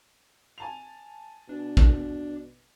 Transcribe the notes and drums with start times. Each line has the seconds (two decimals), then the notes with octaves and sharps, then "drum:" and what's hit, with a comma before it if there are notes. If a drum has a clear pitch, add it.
0.58 G#5 A5 F7
1.49 B2 D4
1.77 drum: kick A1